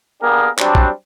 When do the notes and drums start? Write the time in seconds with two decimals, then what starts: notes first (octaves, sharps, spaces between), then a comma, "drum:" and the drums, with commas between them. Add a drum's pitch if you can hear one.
0.22 A#3 B3 D4 G4 G#4 A#4
0.59 F#3 G3 C4 D4, drum: clap
0.75 drum: kick A#1